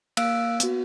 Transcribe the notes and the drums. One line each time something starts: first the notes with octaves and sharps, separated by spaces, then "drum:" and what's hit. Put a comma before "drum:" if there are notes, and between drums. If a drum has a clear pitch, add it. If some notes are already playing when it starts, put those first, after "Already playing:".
A#3 F5 E6 F#6 D7, drum: cymbal
B3 F#4, drum: hi-hat